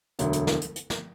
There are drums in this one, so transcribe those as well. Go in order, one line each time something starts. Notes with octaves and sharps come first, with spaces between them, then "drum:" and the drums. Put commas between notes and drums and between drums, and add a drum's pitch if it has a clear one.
E1 D2 D3 F#3, drum: hi-hat
drum: hi-hat
drum: snare
drum: hi-hat
drum: hi-hat
drum: snare